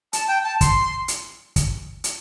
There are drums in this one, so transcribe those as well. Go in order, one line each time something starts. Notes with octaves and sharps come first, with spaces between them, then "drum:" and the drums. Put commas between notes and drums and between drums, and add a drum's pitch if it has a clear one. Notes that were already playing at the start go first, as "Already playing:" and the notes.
A5, drum: hi-hat
G5
A5
C6, drum: kick, hi-hat
drum: hi-hat
drum: kick, hi-hat
drum: hi-hat